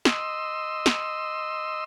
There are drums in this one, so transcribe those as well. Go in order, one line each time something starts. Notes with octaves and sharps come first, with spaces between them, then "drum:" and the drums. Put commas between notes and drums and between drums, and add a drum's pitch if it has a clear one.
D#5 C6 E6, drum: snare
drum: snare